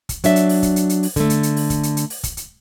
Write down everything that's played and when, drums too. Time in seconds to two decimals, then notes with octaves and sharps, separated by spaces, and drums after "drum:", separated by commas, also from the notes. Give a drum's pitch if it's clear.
0.09 drum: kick, hi-hat
0.24 F#3 D4 E5, drum: hi-hat
0.36 drum: hi-hat
0.49 drum: open hi-hat
0.63 drum: kick, hi-hat
0.76 drum: hi-hat
0.89 drum: hi-hat
1.03 drum: open hi-hat
1.16 D3 A3, drum: kick, hi-hat
1.30 drum: hi-hat
1.43 drum: hi-hat
1.56 drum: open hi-hat
1.70 drum: kick, hi-hat
1.83 drum: hi-hat
1.97 drum: hi-hat
2.10 drum: open hi-hat
2.24 drum: kick, hi-hat
2.37 drum: hi-hat